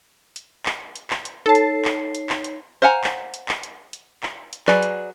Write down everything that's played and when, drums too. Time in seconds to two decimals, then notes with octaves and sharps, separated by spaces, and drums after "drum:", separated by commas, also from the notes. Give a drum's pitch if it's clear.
0.36 drum: hi-hat
0.66 drum: clap
0.95 drum: hi-hat
1.10 drum: clap
1.25 drum: hi-hat
1.46 D#4 A4 C#5 A5 C7
1.55 drum: hi-hat
1.85 drum: clap
2.15 drum: hi-hat
2.29 drum: clap
2.44 drum: hi-hat
2.82 C5 F5 F#5 G#5 A#5
3.04 drum: clap
3.34 drum: hi-hat
3.49 drum: clap
3.63 drum: hi-hat
3.93 drum: hi-hat
4.23 drum: clap
4.53 drum: hi-hat
4.68 F#3 G#4 B4 D5, drum: clap
4.83 drum: hi-hat